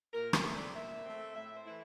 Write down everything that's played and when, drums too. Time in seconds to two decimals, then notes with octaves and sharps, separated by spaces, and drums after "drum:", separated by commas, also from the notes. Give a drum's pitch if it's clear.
0.12 A#2 A#4
0.33 C5, drum: rim click
0.44 A3 C4
0.53 D5
0.74 A#2 E5
1.04 A3 C4
1.34 A2 E5
1.54 C5
1.64 E3 A3 E4